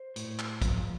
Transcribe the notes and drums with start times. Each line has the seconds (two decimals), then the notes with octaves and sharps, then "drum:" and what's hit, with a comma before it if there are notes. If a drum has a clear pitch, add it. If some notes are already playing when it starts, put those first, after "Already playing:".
Already playing: C5
0.16 A2, drum: hi-hat
0.39 drum: clap
0.62 F3, drum: kick, hi-hat